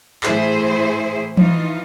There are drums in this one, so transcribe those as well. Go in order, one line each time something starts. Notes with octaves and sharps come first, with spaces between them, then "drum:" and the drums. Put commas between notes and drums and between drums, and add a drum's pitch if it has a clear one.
A2 E3 E4 G#4 C5, drum: clap
E3 F3 D#4 F4, drum: tom E3